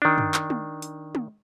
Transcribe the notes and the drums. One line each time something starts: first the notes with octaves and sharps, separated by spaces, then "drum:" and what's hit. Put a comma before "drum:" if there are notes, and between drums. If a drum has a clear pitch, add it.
D#3 D4
drum: tom
drum: clap
drum: tom
drum: hi-hat
drum: tom